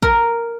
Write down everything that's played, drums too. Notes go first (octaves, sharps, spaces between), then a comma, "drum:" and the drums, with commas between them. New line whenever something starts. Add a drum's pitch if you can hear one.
A#4, drum: kick